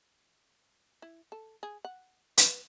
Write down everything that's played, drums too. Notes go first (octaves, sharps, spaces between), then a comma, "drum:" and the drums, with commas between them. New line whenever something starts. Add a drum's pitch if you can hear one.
E4
A4
G#4
F#5
B4, drum: hi-hat